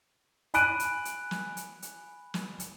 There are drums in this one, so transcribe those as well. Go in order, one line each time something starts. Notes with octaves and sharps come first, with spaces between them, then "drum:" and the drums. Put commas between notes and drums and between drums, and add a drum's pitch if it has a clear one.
G#5 B5 F#6 D7 D#7, drum: hi-hat
drum: hi-hat
drum: hi-hat
drum: snare
drum: hi-hat
drum: hi-hat
drum: snare
drum: hi-hat